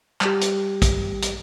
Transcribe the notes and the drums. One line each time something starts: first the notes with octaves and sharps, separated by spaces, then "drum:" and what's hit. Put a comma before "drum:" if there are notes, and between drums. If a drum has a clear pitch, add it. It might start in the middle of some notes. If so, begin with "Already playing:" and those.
G3 G4, drum: clap
drum: hi-hat
drum: kick, hi-hat
drum: hi-hat